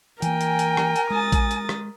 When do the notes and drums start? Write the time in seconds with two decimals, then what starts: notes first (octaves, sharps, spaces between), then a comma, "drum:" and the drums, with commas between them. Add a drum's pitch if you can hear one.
0.22 E3 A#3 A#4 G5 G#5, drum: hi-hat
0.41 drum: hi-hat
0.59 drum: hi-hat
0.77 drum: rim click
0.96 drum: hi-hat
1.10 G#3 D#6 A6
1.32 drum: kick A#1, hi-hat
1.51 drum: hi-hat
1.69 drum: rim click